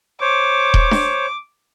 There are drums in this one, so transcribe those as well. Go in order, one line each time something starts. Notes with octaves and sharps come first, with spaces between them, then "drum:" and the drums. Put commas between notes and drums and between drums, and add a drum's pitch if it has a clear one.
C5 C#5 D6
drum: kick D#1
drum: snare D4